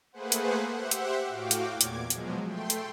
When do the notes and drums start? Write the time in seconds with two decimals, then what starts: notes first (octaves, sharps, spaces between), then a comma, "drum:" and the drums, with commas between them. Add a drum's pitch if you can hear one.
0.12 A3 A#3 G#4 B4 C5 F#5
0.32 drum: hi-hat
0.73 G4 C5 E5 F#5
0.91 drum: hi-hat
1.28 A2 F#4 F5 G5 D6
1.51 drum: hi-hat
1.70 E2 A#2 D6 G#6
1.81 drum: hi-hat
2.10 B2 F3 F#3 G#3, drum: hi-hat
2.45 A3 G5 C6
2.70 drum: hi-hat